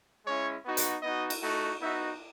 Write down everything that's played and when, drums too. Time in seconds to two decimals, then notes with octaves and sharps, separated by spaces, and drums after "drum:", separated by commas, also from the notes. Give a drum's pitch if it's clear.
0.25 G#3 C#4 E4 C#5
0.64 B3 D#4 F#4
0.77 drum: hi-hat
1.02 B3 D#4 F#4 D#5
1.30 drum: cymbal
1.41 A3 D#4 F#4
1.80 B3 D#4 F#4 E5